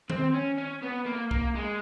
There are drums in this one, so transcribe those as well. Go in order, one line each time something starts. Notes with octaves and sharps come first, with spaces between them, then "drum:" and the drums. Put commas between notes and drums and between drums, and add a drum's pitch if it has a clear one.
C4, drum: tom D#3
C#4
C#4
B3
A#3
A#3, drum: kick
G#3